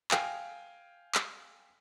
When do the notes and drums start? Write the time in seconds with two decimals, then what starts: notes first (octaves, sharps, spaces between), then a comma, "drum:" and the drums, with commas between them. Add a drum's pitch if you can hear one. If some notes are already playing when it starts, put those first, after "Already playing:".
0.11 F5 G5 G#5, drum: clap
1.15 drum: clap